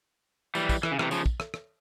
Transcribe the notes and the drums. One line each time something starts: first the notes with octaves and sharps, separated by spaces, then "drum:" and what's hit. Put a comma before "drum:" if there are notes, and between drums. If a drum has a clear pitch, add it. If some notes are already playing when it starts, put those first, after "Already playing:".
E3 G3, drum: tambourine
drum: kick, tambourine
E3, drum: rim click
C#3
C3 E3, drum: rim click
C#3 F3, drum: tambourine
drum: kick
drum: rim click
drum: rim click